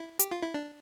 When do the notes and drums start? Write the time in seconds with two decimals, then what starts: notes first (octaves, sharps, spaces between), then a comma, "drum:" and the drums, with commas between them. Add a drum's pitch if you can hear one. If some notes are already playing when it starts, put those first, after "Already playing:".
Already playing: E4
0.19 G4, drum: hi-hat
0.31 F4
0.43 E4
0.54 D4